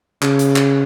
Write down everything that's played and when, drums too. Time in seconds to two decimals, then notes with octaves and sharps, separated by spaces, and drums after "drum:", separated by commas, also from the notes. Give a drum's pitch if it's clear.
0.22 C#3, drum: clap
0.39 drum: hi-hat
0.56 drum: clap